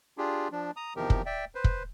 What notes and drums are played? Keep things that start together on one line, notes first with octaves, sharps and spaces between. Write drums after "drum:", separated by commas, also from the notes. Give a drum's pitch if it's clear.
D4 F4 G4 G#4
F3 D4
A#5 D#6
E2 C3 D#3 F3 G4 A#4
drum: kick
D5 E5 G5
B4 C5
drum: kick